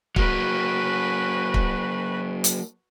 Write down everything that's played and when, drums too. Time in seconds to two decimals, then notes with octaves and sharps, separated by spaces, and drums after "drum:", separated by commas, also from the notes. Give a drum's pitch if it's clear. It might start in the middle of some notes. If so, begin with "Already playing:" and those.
0.16 F#3 A#3 F#4 B4, drum: kick
1.54 drum: kick
2.44 drum: hi-hat